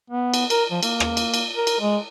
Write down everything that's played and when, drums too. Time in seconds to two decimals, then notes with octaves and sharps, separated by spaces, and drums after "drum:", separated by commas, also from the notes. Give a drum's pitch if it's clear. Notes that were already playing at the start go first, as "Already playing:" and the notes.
0.10 B3
0.34 drum: cymbal
0.50 A#4, drum: cymbal
0.71 F3
0.83 A#3, drum: cymbal
1.00 drum: rim click
1.17 drum: cymbal
1.34 drum: cymbal
1.56 A#4
1.67 drum: cymbal
1.80 G#3